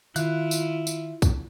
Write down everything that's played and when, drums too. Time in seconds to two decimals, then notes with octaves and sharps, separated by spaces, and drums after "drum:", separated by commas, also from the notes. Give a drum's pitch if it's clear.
0.16 D#3 E4 F4 E5 F5 F#6, drum: tambourine
0.51 drum: tambourine
0.87 drum: tambourine
1.22 drum: kick, tambourine